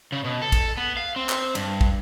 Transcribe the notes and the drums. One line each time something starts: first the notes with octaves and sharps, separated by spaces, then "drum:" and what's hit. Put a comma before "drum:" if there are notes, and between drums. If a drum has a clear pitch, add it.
C#3
B2
A4
drum: kick, cymbal
B3
F5
C4
drum: clap
G2, drum: cymbal
drum: kick